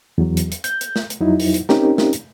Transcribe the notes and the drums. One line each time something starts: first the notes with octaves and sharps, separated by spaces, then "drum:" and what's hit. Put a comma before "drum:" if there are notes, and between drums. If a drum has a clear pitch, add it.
E2 F#3
drum: hi-hat
drum: hi-hat
G6, drum: hi-hat
drum: hi-hat
drum: snare
drum: hi-hat
F2 F#3 D#4 E4
drum: open hi-hat
drum: hi-hat
C4 C#4 D#4 G4 A#4, drum: snare
drum: snare
drum: hi-hat